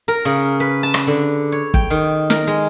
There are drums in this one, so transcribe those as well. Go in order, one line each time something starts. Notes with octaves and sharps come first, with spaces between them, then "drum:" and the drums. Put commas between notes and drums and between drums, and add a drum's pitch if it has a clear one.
A#4
C#3
B4
A5
drum: rim click
D3
C#5
G5, drum: kick
D#3
A#4, drum: snare
G#3